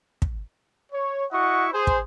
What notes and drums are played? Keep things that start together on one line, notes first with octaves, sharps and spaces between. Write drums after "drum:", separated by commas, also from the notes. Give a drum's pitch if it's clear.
drum: kick
C#5
E4 F#4 D#5 F#5 C#6
G#4 C5
drum: kick